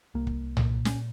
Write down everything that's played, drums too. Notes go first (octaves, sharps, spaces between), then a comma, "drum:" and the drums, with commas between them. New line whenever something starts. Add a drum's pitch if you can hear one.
C2 A#3
drum: kick
A#2, drum: tom
C#4, drum: snare